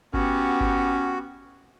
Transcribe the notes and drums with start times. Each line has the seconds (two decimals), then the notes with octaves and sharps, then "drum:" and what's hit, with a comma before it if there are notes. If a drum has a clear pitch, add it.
0.14 B3 C#4 F#4 G4, drum: kick G1
0.61 drum: kick G1